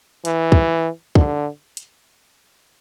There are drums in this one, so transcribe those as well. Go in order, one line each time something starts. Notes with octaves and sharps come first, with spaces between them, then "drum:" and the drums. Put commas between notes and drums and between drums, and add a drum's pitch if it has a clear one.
E3, drum: hi-hat
drum: kick
D3, drum: kick
drum: hi-hat